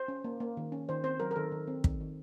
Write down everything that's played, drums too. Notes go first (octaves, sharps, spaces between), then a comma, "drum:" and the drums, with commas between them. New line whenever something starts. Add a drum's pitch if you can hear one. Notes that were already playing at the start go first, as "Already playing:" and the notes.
Already playing: C5
C#4
A#3
A#3
D#3
C#4
D#3 C5
C4 C5
F#3 A#4
A#4
D#3 A4
D#3
C4
D#3, drum: kick
D#3